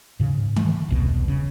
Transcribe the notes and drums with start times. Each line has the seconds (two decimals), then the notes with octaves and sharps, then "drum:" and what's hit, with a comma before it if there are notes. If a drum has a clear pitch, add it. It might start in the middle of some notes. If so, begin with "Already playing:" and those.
0.20 G#2 C#3
0.56 A3, drum: tom D#3
0.89 E1 C2 B2
1.28 C#3